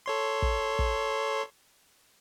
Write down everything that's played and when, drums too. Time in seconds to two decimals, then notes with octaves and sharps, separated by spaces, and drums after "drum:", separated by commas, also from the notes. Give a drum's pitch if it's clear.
0.06 A4 C#5 C6
0.42 drum: kick
0.79 drum: kick